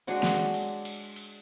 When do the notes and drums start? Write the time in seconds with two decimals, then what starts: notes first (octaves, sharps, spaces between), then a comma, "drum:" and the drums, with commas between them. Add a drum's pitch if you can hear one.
0.07 G#3 D4 F#4 C#5
0.23 drum: snare
0.54 drum: cymbal
0.85 drum: cymbal
1.16 drum: cymbal